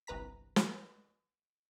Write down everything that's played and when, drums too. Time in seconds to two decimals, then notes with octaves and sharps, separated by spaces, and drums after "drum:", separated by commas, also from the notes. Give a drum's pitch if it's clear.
0.07 G1 C2 B4 A#5 B6
0.56 drum: snare